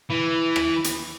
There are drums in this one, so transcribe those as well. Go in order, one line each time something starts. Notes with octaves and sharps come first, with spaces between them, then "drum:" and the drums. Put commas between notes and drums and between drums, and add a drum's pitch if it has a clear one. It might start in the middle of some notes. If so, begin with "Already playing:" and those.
E3
drum: rim click
drum: hi-hat